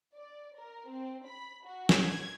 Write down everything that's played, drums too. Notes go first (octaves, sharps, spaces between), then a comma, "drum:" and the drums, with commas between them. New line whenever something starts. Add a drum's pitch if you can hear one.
D5
A#4
C4
B5
F#4
drum: snare
G#6